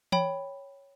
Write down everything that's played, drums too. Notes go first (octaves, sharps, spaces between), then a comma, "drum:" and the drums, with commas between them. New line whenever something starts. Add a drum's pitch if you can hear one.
C#5 G5 B5, drum: tom E3